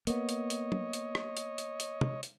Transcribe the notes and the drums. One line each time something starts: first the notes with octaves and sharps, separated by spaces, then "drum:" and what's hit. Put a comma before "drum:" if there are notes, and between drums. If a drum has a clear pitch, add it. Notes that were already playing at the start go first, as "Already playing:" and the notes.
A#3 B3 C#5 D#5, drum: hi-hat
drum: hi-hat
drum: hi-hat
drum: tom
drum: hi-hat
drum: rim click
drum: hi-hat
drum: hi-hat
drum: hi-hat
drum: tom
drum: hi-hat